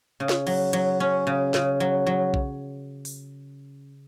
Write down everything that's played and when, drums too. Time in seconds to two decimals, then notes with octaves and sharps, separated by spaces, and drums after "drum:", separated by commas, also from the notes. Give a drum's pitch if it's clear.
0.20 C#3
0.29 drum: snare
0.47 F#3, drum: cymbal
0.73 F#3, drum: hi-hat
1.00 C#4
1.27 C#3
1.54 C#3, drum: snare
1.80 F#3
2.07 F#3
2.34 drum: kick B1
3.05 drum: open hi-hat